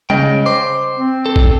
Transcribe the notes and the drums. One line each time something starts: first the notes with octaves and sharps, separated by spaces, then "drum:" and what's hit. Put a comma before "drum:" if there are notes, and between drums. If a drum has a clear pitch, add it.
C#2 C#3 D#5 G5, drum: tom G3
C5 D6
C4
A4
drum: kick A1